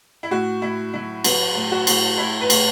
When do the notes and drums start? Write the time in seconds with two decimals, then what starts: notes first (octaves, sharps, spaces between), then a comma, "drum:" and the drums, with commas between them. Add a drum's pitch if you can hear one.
0.23 E4
0.31 A2 F#4
0.62 A2 E4
0.94 F#3 E4
1.24 F#3 B4, drum: cymbal
1.55 A2
1.71 F#4
1.87 A2, drum: cymbal
2.18 A2 E4
2.41 B4
2.50 A2, drum: cymbal